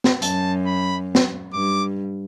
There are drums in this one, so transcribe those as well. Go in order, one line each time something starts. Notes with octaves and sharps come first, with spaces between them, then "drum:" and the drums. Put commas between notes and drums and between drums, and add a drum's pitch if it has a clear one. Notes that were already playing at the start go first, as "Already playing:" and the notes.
drum: snare
F#2 A5, drum: hi-hat
B5
drum: snare
G2 D6